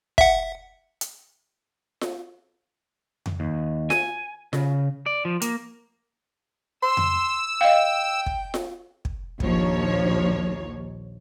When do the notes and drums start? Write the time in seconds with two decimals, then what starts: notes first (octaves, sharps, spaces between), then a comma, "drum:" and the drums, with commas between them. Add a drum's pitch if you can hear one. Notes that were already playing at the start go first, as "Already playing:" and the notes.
0.18 E5 F#5, drum: kick
1.01 drum: hi-hat
2.01 drum: snare F4
3.26 drum: tom F2
3.40 D#2
3.90 G#5, drum: snare F4
4.53 C#3, drum: snare F4
5.06 D5
5.25 F3
5.42 A#3, drum: hi-hat
6.83 C6 E6
6.97 drum: tom F2
7.61 D#5 F5 G5
8.26 drum: kick
8.54 drum: snare F4
9.05 drum: kick
9.40 A#1 D#2 F3 C#5, drum: kick